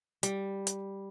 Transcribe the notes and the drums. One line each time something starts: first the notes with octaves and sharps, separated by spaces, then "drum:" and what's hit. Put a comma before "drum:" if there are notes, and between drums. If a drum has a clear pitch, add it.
G3, drum: hi-hat
drum: hi-hat